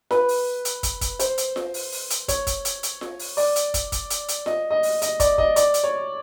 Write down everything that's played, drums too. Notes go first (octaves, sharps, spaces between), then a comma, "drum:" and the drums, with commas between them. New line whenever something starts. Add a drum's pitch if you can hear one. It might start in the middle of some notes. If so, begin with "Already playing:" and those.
B4, drum: snare F4
drum: open hi-hat
drum: hi-hat
drum: kick, hi-hat
drum: kick, hi-hat
C5, drum: hi-hat
drum: hi-hat
drum: snare F4
drum: open hi-hat
drum: open hi-hat
drum: hi-hat
C#5, drum: kick, hi-hat
drum: kick, hi-hat
drum: hi-hat
drum: hi-hat
drum: snare F4
drum: open hi-hat
D5, drum: open hi-hat
drum: hi-hat
drum: kick, hi-hat
drum: kick, hi-hat
drum: hi-hat
drum: hi-hat
D#5, drum: snare F4
D#5
drum: open hi-hat
D#5, drum: hi-hat
D5, drum: kick, hi-hat
D#5, drum: kick
D5, drum: hi-hat
drum: hi-hat
C#5